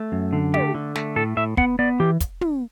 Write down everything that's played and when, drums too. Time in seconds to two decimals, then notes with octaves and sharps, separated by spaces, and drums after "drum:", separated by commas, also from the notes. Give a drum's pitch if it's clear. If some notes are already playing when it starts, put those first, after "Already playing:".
Already playing: A3
0.12 F#2
0.33 D3
0.54 A3 G4, drum: tom
0.75 D3
0.95 A3, drum: snare
1.16 A2 A4
1.37 A2 E5
1.57 B3 F#5, drum: kick
1.79 B3 D5
2.00 E3 G4
2.20 drum: kick, hi-hat
2.41 drum: tom